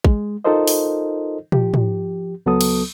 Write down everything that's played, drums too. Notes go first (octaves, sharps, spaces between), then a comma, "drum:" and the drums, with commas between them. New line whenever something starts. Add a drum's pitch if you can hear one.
G#3, drum: kick
D#4 F4 A4 A#4 C5 D#5
drum: open hi-hat
F3 G4, drum: tom
drum: tom
C#2 F#3 B3 A4 D#6
drum: cymbal